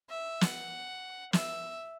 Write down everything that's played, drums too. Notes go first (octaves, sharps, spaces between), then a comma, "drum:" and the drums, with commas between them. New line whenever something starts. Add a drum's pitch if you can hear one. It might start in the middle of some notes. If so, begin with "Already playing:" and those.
E5
F#5, drum: snare
E5, drum: snare